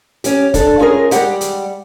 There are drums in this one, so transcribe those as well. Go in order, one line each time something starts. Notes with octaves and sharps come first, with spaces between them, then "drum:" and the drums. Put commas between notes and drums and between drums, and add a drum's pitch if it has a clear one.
C#4 G4, drum: hi-hat
D4 A4, drum: kick, hi-hat
C#4 F4 G#4 A#4
G3 G#3 G4 F#5, drum: hi-hat
drum: hi-hat